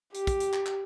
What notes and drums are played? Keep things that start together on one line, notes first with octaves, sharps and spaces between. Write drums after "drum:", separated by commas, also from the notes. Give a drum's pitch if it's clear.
G4, drum: hi-hat
drum: kick, hi-hat
drum: hi-hat
drum: clap
drum: clap